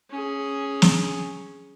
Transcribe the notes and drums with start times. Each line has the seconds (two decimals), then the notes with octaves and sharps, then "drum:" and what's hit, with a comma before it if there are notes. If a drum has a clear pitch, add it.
0.10 C#4 G#4
0.82 drum: snare